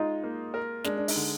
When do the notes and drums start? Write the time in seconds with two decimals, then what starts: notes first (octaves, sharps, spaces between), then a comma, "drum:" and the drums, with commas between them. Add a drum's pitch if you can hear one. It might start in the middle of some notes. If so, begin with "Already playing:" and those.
Already playing: G#3 D#4 F4
0.24 A#3
0.54 A#4
0.84 G#3 D4, drum: snare
0.97 D4
1.08 D#4, drum: open hi-hat
1.16 D3